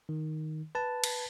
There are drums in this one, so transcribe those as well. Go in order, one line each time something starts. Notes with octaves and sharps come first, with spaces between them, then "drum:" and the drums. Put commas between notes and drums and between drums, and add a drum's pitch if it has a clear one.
D#3
B4 A5
drum: cymbal